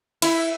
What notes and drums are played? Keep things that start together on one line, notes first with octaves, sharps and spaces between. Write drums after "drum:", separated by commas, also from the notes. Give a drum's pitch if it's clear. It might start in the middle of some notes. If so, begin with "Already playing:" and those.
E4, drum: cymbal